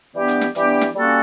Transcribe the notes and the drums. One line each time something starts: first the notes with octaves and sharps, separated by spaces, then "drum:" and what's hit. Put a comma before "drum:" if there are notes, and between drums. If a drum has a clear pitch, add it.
E3 G3 B3 D4 G4
drum: hi-hat
drum: snare
E3 G3 B3 D4 G4, drum: hi-hat
drum: snare
G3 A#3 C#4 F#4 A4